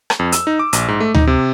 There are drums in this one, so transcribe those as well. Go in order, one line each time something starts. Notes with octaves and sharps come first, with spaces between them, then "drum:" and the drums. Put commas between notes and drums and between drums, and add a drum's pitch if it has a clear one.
drum: rim click
F2
E6, drum: hi-hat
D#4
D6
A#1, drum: hi-hat
G#2
A3
D#4, drum: tom D2
C3